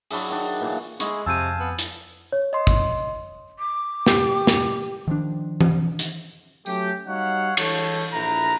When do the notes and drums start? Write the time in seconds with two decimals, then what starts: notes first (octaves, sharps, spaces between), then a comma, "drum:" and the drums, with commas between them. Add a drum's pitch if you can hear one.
0.11 F#3 D4 E4 G#4, drum: open hi-hat
0.29 D#3 D4
0.60 A#2 E3
1.00 G#3 E4 G#4 C#6, drum: hi-hat
1.26 F2 C3 F5 G#5 A5 E6 G6 D#7
1.59 B3
1.79 drum: hi-hat
2.32 C#5
2.53 D#5 C6
2.67 drum: kick
3.59 D6
4.06 G4, drum: snare
4.47 drum: snare
5.07 D#3 F3 D4
5.61 drum: tom E3
5.99 drum: hi-hat
6.66 F#3 A3 C#4 G4, drum: tambourine
7.06 G3 D#4 F#4 C#5 F5 F#5
7.57 E3 G#3 A4 C#5, drum: cymbal
8.13 A#1 E4 A4 B4 A#5